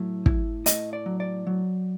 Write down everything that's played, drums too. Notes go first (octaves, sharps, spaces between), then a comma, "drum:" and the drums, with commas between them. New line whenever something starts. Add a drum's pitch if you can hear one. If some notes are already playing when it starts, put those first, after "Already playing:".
Already playing: A2 F#3
E4, drum: kick
A2 D#5, drum: hi-hat
D5
F#3
D5
F#3